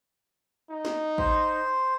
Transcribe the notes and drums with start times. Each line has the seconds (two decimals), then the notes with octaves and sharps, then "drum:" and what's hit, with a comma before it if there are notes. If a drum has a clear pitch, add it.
0.70 D#4
0.85 drum: snare
1.18 C5, drum: kick G#1